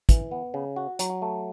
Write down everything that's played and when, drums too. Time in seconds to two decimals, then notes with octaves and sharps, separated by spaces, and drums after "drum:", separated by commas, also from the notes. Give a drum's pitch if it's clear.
0.09 E3, drum: kick, hi-hat
0.31 B3
0.54 C#3
0.76 F#4
0.99 F#3, drum: hi-hat
1.22 A3